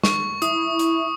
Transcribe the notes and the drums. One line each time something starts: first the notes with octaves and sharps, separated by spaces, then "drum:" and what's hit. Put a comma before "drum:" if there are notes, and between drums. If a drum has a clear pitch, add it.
C#6, drum: snare
E4 D#6, drum: hi-hat
drum: hi-hat